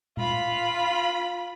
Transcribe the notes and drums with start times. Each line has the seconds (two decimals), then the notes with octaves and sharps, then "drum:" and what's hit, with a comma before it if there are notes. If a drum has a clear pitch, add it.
0.17 F4 B5, drum: tom A#2